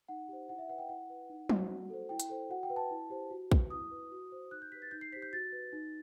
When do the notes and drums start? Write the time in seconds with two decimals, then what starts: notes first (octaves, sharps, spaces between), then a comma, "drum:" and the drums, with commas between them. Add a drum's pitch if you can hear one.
0.08 D#4 F#5
0.28 G4 C5
0.49 E4 F#5
0.58 E5
0.69 B4 F#5
0.78 G5
0.89 E4 F#5
1.10 B4
1.30 D#4
1.49 F#4 C5, drum: tom F#3
1.70 F#4
1.90 A4 C5
2.09 E4 G5
2.20 drum: hi-hat
2.29 A4 C5
2.50 F#4 F#5
2.63 G5
2.70 B4
2.76 A5
2.91 E4
3.10 G4 C5
3.31 F#4
3.51 B4, drum: kick A#1
3.70 E4 D#6
3.91 B4
4.12 F#4
4.32 C5
4.51 D#4 F#6
4.62 G6
4.72 G4 B4 B6
4.82 A6
4.91 D#4 G6
5.01 C7
5.12 G4 C5 B6
5.22 G6
5.33 F#4 A6
5.52 B4
5.73 D#4